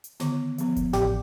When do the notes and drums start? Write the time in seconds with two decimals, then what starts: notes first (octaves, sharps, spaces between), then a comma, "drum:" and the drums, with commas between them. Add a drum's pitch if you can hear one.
0.04 drum: hi-hat
0.20 D3 D#3 B3, drum: snare
0.58 F3 B3, drum: hi-hat
0.76 drum: kick F1, hi-hat
0.93 A1 G4 D5, drum: snare